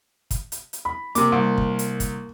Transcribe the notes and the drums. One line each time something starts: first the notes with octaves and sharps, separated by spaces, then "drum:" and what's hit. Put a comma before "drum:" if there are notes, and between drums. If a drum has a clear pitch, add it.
drum: kick, hi-hat
drum: hi-hat
drum: hi-hat
B5
C3 A#3 D6, drum: hi-hat
C2
drum: kick
drum: hi-hat
drum: kick, hi-hat